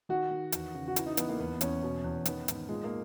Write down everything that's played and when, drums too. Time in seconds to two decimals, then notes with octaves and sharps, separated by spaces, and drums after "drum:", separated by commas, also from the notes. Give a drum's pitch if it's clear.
0.09 D#3 F#4
0.31 D#3
0.52 E2, drum: hi-hat
0.74 C#3
0.88 F#4
0.96 E3 E4, drum: hi-hat
1.06 D#4
1.17 E3 B3, drum: hi-hat
1.29 A#3
1.40 E2 B3
1.61 E2 C#4, drum: hi-hat
1.83 B2
2.04 E2
2.25 D#3 B3, drum: hi-hat
2.48 G#2, drum: hi-hat
2.69 A#2 G#3
2.84 A#3